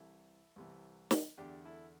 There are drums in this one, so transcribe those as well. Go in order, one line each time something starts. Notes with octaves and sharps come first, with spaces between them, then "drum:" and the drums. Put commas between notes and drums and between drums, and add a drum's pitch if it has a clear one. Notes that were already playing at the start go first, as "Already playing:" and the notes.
Already playing: C2 C3 E3 E4 A4
C2 C3 E3
drum: snare
E2 D3 D4 G4
E4 A4